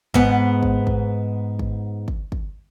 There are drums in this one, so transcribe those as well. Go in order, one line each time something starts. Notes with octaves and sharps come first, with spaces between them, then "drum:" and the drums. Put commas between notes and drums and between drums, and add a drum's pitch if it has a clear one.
G#2 B3, drum: kick
drum: kick
drum: kick
drum: kick
drum: kick
drum: kick